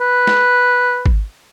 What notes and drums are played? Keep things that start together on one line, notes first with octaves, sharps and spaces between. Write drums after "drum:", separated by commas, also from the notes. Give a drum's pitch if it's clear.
B4
drum: snare
drum: kick G#1